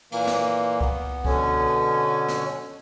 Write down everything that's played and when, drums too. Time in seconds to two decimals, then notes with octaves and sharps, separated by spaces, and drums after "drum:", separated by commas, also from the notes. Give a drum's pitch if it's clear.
0.12 A#2 E3 A#3, drum: cymbal
0.27 drum: snare
0.81 B3, drum: kick C2
1.25 B2 D3 C#4, drum: kick C2
2.28 drum: snare